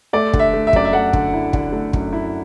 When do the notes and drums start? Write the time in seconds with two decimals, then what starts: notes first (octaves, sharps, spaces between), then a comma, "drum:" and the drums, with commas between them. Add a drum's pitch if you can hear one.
0.13 A3 D5
0.33 D3, drum: kick
0.39 E5
0.54 A3
0.67 E5
0.73 F#2 D5, drum: kick
0.85 E5
0.93 A3 F#5
1.13 D3, drum: kick
1.33 E4
1.53 D3, drum: kick
1.72 A3
1.93 F#2, drum: kick
2.13 E4